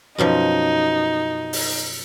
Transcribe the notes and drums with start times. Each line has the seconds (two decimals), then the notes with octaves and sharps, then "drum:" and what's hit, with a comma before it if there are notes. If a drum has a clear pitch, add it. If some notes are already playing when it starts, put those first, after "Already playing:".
0.18 F#2 B2 F3 D#4
1.53 drum: open hi-hat